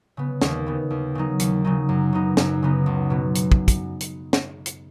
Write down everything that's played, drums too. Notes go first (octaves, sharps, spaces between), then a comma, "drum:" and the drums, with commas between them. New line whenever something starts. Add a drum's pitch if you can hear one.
C#3 B3
D#2, drum: snare
C#3 B3
D#2
C#3 F#3 D#4
D#2, drum: hi-hat
C#3 F#3 D#4
F#2
C#3 B3 D#4
F#2, drum: snare
C#3 B3 D#4
C#2
B2 F#3 B3
drum: hi-hat
drum: kick
drum: kick, hi-hat
drum: hi-hat
drum: snare
drum: hi-hat